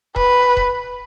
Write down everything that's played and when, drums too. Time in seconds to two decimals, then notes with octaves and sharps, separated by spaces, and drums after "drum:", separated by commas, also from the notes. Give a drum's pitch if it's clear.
0.16 B4, drum: kick D#1
0.57 drum: kick D#1